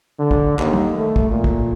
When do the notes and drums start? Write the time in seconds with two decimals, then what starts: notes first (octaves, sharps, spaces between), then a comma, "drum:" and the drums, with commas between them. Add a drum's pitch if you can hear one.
0.19 D3
0.31 drum: kick
0.59 D#2, drum: clap
0.73 drum: tom
0.98 A3
1.16 drum: kick
1.31 A#2
1.44 drum: kick